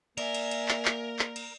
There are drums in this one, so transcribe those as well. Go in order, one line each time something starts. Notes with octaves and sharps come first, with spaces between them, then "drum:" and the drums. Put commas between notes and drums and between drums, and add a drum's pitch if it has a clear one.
A#3 A#4 D5 E5 G#5, drum: cymbal
drum: cymbal
drum: cymbal
drum: clap
drum: clap
drum: clap
drum: cymbal